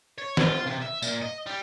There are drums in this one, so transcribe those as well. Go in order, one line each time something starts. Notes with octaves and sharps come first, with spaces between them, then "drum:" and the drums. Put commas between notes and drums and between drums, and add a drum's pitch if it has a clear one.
C#5
F4, drum: snare
C3
E5
A#2, drum: tambourine
D#5
G3